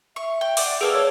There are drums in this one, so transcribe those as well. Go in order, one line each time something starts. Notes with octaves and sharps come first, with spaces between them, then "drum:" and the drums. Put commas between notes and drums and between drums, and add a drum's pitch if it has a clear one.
E5 C#6
G5
D5 F#5 D6, drum: open hi-hat
A3 A#3 G#4 A4 B4 D7
C#5